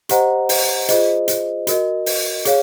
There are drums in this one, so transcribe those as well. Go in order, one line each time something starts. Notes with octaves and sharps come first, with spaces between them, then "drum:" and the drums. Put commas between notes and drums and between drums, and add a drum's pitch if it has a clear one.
G4 C5 D#5 F#5 A#5, drum: hi-hat
drum: open hi-hat
F4 G#4 C5 D#5, drum: hi-hat
drum: hi-hat
F#4 A#4 D#5, drum: hi-hat
drum: open hi-hat
G#4 C#5 F5, drum: hi-hat